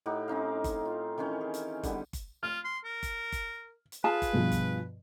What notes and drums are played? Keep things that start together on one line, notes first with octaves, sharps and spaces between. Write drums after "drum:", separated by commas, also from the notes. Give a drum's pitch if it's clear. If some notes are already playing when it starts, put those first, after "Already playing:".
A2 D#4 G4 F#5
C4 C#4 D#4 F5
drum: kick G1, hi-hat
F4
D#3 E3 C4 C#4
G#4
drum: hi-hat
D3 G3 B3, drum: kick G1, hi-hat
drum: kick G1, hi-hat
F4 F6
C6
A#4
drum: kick G1, hi-hat
drum: kick G1, hi-hat
drum: hi-hat
F4 G#4 B4 A5
drum: kick G1, hi-hat
G2 B2 F3
drum: kick G1, hi-hat